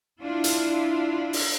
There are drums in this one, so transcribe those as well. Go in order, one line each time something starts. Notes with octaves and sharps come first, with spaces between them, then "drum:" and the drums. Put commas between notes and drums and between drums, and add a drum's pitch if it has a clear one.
D4 E4 F4
drum: hi-hat
drum: open hi-hat